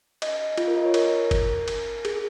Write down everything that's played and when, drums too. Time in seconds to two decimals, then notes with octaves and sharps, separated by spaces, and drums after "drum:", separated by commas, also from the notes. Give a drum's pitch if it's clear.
0.22 D#5, drum: cymbal
0.58 F4, drum: cymbal
0.68 A#4
0.77 D#5
0.85 C#5
0.94 A#4, drum: cymbal
1.31 drum: kick, cymbal
1.68 drum: cymbal
2.05 G#4, drum: cymbal